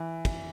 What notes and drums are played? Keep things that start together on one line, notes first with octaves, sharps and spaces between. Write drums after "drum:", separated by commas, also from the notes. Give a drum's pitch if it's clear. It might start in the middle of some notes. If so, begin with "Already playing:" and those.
Already playing: E3
drum: kick, cymbal